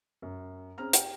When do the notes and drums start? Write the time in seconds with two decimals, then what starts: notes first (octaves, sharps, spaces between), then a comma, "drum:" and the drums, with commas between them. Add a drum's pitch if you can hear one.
0.22 F#2
0.78 C4 C#4 G#4 C5 A#5 F6
0.93 G4 G5, drum: hi-hat